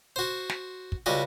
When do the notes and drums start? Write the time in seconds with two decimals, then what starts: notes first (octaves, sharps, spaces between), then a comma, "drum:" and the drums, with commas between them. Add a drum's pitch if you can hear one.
0.16 F#4 C5
0.50 drum: snare
0.92 drum: kick
1.06 C#2 G3 F#4 D#5